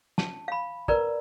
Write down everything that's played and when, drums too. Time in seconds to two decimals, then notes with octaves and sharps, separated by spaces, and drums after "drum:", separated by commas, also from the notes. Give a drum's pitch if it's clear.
0.18 A5, drum: snare
0.48 F5 B5
0.88 A#4 B4 D5 A#5, drum: kick